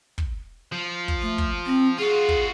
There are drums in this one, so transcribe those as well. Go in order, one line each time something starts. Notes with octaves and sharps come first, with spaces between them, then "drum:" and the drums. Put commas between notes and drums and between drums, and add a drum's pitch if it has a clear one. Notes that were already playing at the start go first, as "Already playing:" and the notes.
drum: kick
F3
drum: kick
A3
drum: kick
C4
F4 F#4 G#4
drum: kick